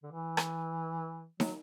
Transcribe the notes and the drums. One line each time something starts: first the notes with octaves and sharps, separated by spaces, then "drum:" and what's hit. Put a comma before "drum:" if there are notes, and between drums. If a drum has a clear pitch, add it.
D3
E3
drum: rim click
F#3, drum: snare